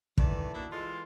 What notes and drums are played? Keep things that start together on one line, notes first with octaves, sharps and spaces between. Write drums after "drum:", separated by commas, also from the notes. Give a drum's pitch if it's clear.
D#3 E3 A3 B4 D5, drum: kick
A#3 B3 D4 E4 F#4
E3 G#3 F4 A4